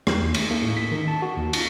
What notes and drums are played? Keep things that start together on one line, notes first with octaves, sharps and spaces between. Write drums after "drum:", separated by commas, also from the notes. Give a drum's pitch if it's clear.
E2, drum: rim click
D#2
A3, drum: cymbal
A#3
A2
B6
D#3
A5
F#4
D#2
F4, drum: cymbal